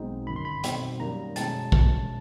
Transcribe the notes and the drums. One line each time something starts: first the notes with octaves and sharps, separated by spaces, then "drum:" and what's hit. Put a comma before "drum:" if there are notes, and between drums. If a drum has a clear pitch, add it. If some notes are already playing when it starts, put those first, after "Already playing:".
Already playing: B1 B2 G#3 C4 D#4
G1 F#2 D#3 B5
C6
B5
B2 G3 C4 D#4, drum: hi-hat
F#2 D#3 G3 A#3 A#5
B2 G#3 C#4 E4 A5, drum: hi-hat
drum: kick